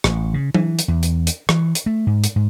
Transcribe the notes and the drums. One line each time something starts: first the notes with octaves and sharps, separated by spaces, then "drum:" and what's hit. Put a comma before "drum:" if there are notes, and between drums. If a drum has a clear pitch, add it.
A1, drum: rim click
C#3
E3, drum: tom F#3
drum: hi-hat
E2
drum: hi-hat
drum: hi-hat
E3, drum: rim click
drum: hi-hat
A3
G#2
drum: hi-hat
G#2